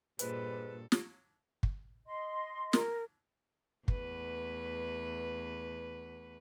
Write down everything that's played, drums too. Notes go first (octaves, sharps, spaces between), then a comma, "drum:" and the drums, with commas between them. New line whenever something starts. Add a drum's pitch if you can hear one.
G2 A#2 G#4 A4 B4 C5 D#5, drum: hi-hat
drum: snare
drum: kick
D#5 C6
A#4, drum: snare
E2 A3 B4, drum: kick